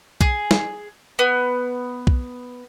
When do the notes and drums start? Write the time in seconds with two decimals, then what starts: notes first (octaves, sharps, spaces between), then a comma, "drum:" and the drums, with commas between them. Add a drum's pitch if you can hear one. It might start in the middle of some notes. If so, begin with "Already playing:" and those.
0.21 G#4, drum: kick B1
0.51 drum: snare
1.19 B3
2.07 drum: kick B1